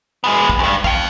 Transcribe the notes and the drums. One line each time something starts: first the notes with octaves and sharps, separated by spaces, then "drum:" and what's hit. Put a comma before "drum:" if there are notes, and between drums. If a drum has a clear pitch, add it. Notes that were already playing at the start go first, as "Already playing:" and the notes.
G#3 B3
drum: kick
D2 G2
F5 G5, drum: kick